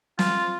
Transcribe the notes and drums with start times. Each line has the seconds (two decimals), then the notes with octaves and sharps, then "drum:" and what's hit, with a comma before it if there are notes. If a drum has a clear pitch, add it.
0.19 F4, drum: snare